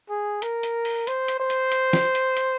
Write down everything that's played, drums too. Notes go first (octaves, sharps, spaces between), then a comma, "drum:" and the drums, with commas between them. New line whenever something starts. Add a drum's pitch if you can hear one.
G#4
A#4, drum: hi-hat
drum: hi-hat
drum: open hi-hat
C5, drum: hi-hat
drum: hi-hat
C5
drum: hi-hat
drum: hi-hat
drum: snare
drum: hi-hat
drum: hi-hat